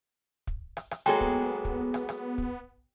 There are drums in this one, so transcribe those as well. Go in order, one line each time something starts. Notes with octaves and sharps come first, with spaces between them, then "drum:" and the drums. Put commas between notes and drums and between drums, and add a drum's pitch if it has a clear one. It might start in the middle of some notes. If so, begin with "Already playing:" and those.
drum: kick
drum: rim click
drum: rim click
F#3 G#3 A#3 B3 G#4 A4 G5
drum: kick
drum: kick
drum: rim click
drum: rim click
drum: kick